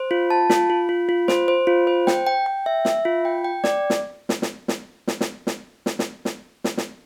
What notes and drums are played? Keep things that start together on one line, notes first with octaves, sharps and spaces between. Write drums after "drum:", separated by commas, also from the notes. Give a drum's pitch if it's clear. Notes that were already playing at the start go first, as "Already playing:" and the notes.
Already playing: C5
F4
A5
F4, drum: snare
F4
F4
F4
C5, drum: snare
C5
F4
C5
G5, drum: snare
G5
G5
E5
E5, drum: snare
F4
G5
G5
D5, drum: snare
drum: snare
drum: snare
drum: snare
drum: snare
drum: snare
drum: snare
drum: snare
drum: snare
drum: snare
drum: snare
drum: snare
drum: snare